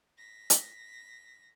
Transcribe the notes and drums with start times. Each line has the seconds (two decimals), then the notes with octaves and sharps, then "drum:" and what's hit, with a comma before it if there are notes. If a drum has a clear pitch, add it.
0.17 A#6 B6
0.50 drum: hi-hat